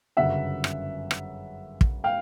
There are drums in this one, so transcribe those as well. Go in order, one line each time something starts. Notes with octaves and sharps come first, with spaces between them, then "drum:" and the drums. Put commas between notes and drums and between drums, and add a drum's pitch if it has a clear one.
G1 F#2 C#3 E5 F#5
drum: rim click
drum: rim click
drum: kick
F5 G5